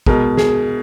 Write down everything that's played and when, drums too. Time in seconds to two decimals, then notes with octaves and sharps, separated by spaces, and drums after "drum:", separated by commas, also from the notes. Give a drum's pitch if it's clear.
0.06 B2 G#3 A#4, drum: kick
0.37 G#4, drum: snare